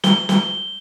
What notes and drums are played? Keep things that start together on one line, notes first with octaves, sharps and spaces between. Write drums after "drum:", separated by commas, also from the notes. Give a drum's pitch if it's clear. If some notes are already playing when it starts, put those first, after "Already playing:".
G7, drum: snare
drum: snare